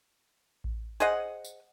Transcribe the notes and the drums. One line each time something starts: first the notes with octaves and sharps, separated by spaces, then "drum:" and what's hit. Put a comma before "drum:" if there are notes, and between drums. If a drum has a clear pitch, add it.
drum: kick A1
G#4 C5 D#5 F#5
drum: tambourine